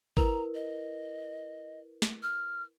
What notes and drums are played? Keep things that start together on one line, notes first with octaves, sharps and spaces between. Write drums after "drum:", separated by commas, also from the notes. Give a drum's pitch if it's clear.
E4 A#4 B4 A#5, drum: kick
D#5
drum: snare
F6